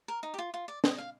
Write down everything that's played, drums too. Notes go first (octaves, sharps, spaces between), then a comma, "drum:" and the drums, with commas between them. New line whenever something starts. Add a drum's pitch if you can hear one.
A#4
D#4
G4
F4
F4
D5
D#5, drum: snare
F5